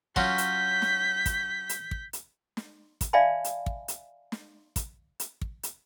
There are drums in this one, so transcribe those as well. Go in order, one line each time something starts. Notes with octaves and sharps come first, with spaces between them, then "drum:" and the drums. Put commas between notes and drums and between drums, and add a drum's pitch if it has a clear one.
F#3 C#4 F4 G6 B6, drum: kick
drum: hi-hat
drum: snare
drum: kick, hi-hat
drum: hi-hat
drum: kick
drum: hi-hat
drum: snare
drum: kick, hi-hat
D5 E5 F5 G#5 A5 B5
drum: hi-hat
drum: kick
drum: hi-hat
drum: snare
drum: kick, hi-hat
drum: hi-hat
drum: kick
drum: hi-hat